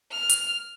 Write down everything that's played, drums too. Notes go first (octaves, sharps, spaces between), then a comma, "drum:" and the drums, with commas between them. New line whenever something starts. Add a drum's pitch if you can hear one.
F6
drum: hi-hat